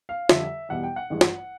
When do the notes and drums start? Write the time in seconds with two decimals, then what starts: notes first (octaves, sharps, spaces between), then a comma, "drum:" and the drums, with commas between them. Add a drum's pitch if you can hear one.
0.09 F5
0.29 F2 D3 G3 E5, drum: snare
0.69 E2 B2 G3 F#5
0.83 G5
0.96 F#5
1.10 A1 G2 E3 G#3
1.21 drum: snare